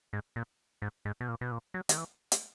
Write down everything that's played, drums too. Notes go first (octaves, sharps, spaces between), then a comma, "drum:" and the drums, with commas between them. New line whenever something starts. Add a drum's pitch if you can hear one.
G#2
A#2
G#2
G#2
B2
A#2
B2
A#2
F#3
D#3, drum: hi-hat
E3
drum: hi-hat